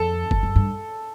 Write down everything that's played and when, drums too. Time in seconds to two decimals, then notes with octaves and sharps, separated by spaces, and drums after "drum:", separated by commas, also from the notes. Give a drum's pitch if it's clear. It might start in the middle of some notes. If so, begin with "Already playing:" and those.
Already playing: F2 A4 A5
0.31 F#2, drum: kick F#1
0.43 F#2
0.56 G2